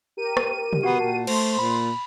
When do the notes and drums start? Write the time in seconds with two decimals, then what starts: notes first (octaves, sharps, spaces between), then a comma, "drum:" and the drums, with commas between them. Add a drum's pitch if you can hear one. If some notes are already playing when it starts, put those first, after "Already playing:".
0.17 G4 A#4 D#7
0.37 drum: rim click
0.73 drum: tom
0.83 B3 F#4 F#5 C7
1.01 A#2 A5
1.27 A3 C5 C6, drum: cymbal
1.59 A#2 B5